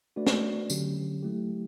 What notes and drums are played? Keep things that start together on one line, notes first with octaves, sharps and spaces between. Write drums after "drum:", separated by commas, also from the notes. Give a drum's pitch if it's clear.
A3 D4 F#4 B4 D5
drum: snare
D3 F#3 C#4 G4, drum: tambourine
F#3 A3 E4 G4